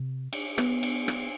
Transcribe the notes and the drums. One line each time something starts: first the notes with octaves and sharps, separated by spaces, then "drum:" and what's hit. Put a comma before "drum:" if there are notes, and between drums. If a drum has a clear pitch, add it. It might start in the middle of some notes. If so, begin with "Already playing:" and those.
Already playing: C3
drum: cymbal
B3, drum: rim click
drum: cymbal
drum: rim click